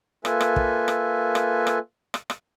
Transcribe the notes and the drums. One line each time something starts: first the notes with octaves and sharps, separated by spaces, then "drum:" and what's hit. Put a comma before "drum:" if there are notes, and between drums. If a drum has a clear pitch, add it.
A#3 F4 A4 B4 E5 G#5, drum: rim click
drum: rim click
drum: kick
drum: rim click
drum: rim click
drum: rim click
drum: rim click
drum: rim click